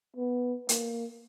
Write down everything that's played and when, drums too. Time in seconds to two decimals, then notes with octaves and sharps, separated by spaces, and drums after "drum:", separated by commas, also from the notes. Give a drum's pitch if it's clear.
0.16 B3
0.69 A#3, drum: hi-hat